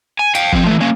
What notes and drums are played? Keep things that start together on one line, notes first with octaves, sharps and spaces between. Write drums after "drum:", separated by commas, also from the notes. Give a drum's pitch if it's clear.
G#5
F5 G5, drum: hi-hat
F3 C4, drum: kick G1
E3 A3
A#3 C#4